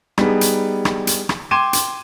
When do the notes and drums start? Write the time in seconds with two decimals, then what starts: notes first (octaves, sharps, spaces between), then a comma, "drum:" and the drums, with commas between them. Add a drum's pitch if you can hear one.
0.18 G3 B3 D#4 G#4, drum: rim click
0.41 drum: hi-hat
0.85 drum: rim click
1.07 drum: hi-hat
1.29 drum: rim click
1.51 G5 C6 D6 G#6 D#7 E7
1.73 drum: hi-hat